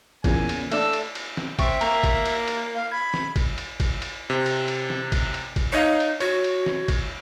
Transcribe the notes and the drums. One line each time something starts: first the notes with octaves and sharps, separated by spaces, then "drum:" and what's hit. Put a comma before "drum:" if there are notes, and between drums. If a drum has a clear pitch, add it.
E2 A#2 C#3 G#5, drum: kick A1, cymbal
drum: cymbal
A3 D4 A4 E6, drum: cymbal
drum: cymbal
drum: cymbal
drum: snare
C4 E5 G5 C#6, drum: kick A1, cymbal
A#3 A#5, drum: cymbal
drum: kick A1, cymbal
drum: cymbal
drum: cymbal
F5
B5 G#6
drum: snare
drum: kick A1, cymbal
drum: cymbal
drum: kick A1, cymbal
drum: cymbal
C3
drum: cymbal
drum: cymbal
drum: snare
drum: kick A1, cymbal
drum: cymbal
drum: kick A1, cymbal
D#4 C#5 D#5 F5
drum: cymbal
F#4 C#5, drum: cymbal
drum: cymbal
drum: snare
drum: kick A1, cymbal